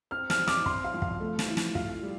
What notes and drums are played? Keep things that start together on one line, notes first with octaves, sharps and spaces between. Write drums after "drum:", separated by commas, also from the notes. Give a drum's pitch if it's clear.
C4 F6
F6, drum: snare
C4
D6, drum: snare
C4 C6, drum: kick
F5
F3
F5, drum: kick
A3
drum: snare
E4
drum: snare
F4 F5, drum: kick
G3